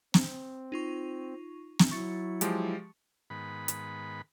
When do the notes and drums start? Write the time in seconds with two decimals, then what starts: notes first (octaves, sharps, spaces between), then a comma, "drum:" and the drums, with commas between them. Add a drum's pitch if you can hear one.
0.14 C4, drum: snare
0.72 D#4 F4 C#6
1.79 drum: snare
1.91 F#3 E4 C#6 A6 C#7
2.41 F3 G#3 G4, drum: hi-hat
3.30 G#2 D#3 B3 B5
3.68 drum: hi-hat